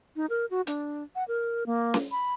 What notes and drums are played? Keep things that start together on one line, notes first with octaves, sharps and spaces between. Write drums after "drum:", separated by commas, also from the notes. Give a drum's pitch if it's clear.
D#4
A#4
F#4
D4, drum: hi-hat
F#5
A#4
A#3
drum: snare C#4
B5